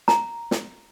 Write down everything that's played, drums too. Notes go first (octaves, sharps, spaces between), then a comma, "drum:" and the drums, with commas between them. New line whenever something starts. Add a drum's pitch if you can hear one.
A#5, drum: snare
drum: snare